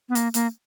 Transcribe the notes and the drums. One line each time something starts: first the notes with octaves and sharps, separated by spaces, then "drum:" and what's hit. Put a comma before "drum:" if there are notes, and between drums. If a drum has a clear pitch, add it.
B3
A#3, drum: hi-hat
A#3, drum: hi-hat